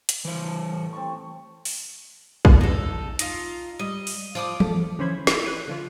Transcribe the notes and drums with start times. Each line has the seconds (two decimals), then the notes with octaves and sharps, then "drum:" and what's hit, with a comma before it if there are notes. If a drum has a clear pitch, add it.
0.09 drum: hi-hat
0.25 E3 C5
0.43 D4 A4
0.71 A2
0.93 C4 A5 C#6
1.65 drum: open hi-hat
2.45 drum: kick
2.61 D#4 A4
3.19 D#4 F4, drum: hi-hat
3.79 G3 D#5
4.07 drum: open hi-hat
4.35 F3 F4 D5 D#6
4.60 A4, drum: tom E3
4.98 D3 E3 C#4 C5 B5 G#6
5.27 E4 D#5, drum: snare
5.46 F#6 D#7
5.68 D3 F3 F4